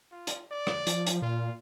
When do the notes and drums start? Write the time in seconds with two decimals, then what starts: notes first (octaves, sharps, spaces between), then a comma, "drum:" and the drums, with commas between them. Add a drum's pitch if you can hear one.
0.12 F4
0.27 drum: hi-hat
0.51 D5
0.67 drum: rim click
0.87 F3, drum: hi-hat
1.07 drum: hi-hat
1.22 A#2 F4